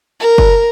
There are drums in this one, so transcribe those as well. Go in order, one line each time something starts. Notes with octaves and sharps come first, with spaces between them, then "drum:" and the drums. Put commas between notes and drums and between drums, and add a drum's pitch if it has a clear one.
A#4
drum: kick